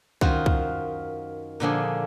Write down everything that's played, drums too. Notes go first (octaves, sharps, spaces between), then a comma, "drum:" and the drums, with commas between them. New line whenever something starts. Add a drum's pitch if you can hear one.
F#2 D#3 F4 F#4 C5, drum: kick
drum: kick
A#2 D3 F3 G#4